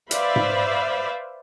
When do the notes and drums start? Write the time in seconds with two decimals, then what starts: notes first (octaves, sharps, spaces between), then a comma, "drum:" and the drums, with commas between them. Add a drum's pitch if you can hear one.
0.11 B4 C5 D5 E5 F5 B5, drum: hi-hat
0.36 drum: tom G#2